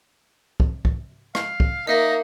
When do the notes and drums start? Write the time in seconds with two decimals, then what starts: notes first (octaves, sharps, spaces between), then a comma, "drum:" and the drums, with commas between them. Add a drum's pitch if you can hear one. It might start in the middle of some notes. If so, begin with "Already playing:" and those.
0.60 drum: kick
0.85 drum: kick
1.35 F5, drum: rim click
1.60 drum: kick
1.87 A#3 D#4 D#5 E5 A#6